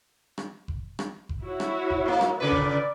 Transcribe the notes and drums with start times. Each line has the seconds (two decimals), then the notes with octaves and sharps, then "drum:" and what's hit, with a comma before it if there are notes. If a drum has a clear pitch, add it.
0.38 drum: rim click
0.68 drum: kick F#1
0.99 drum: rim click
1.29 drum: kick F#1
1.42 E4 F#4 C#5
1.60 drum: rim click
1.90 drum: kick F#1
2.06 G#2 A#3
2.21 drum: rim click
2.40 A#2 C#3 B4 D5
2.51 drum: kick F#1